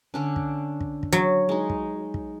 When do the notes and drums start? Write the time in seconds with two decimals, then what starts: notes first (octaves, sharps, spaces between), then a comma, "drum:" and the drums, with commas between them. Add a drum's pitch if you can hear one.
0.14 D3 C#4 D4
0.36 drum: kick
0.81 drum: kick
1.03 drum: kick
1.12 F#3
1.49 G#3 D#4
1.70 drum: kick
2.14 drum: kick